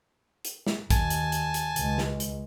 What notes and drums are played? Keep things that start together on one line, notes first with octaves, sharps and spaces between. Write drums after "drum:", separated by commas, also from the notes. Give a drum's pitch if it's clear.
drum: hi-hat
drum: snare
D#2 G#5 A5, drum: kick, hi-hat
drum: hi-hat
drum: hi-hat
drum: hi-hat
C#2 G#3, drum: hi-hat
drum: snare
drum: hi-hat